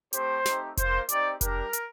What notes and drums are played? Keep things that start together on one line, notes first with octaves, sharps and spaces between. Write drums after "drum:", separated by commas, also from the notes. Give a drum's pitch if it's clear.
A3 C4 G4 C5, drum: hi-hat
A3 C4 D#4 G4, drum: snare
A#3 F4 C5, drum: kick F1, hi-hat
C4 D#4 G4 D5, drum: hi-hat
G3 D4 G4 A#4, drum: kick F1, hi-hat
drum: hi-hat